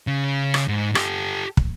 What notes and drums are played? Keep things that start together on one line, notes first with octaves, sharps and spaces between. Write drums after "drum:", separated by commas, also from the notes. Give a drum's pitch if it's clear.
C#3
drum: rim click
G#2
G4 A4, drum: rim click
drum: kick